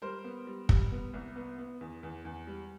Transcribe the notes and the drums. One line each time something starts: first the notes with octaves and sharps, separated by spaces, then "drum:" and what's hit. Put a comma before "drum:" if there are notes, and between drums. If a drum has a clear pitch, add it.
G3 A#4 C5
B3
G3
G3, drum: kick
B3
C2
B3
B3
E2
E2
E2
G3